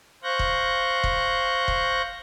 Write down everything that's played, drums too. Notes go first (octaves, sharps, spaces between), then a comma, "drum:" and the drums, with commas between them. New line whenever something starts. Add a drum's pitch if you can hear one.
C5 F5 C#6 F#6 G6 A#6
drum: kick
drum: kick
drum: kick